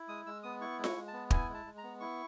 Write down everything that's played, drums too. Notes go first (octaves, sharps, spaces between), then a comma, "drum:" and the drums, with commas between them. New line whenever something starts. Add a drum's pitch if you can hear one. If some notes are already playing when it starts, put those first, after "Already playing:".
Already playing: E4
G#3 D#6
G#3 E6
B3 D#6
E4 C#6
G#3
C#6, drum: snare F4
G#3
A5
B3
E4 G#5, drum: kick
G#3
A5
G#3
A#5
B3
E4 C#6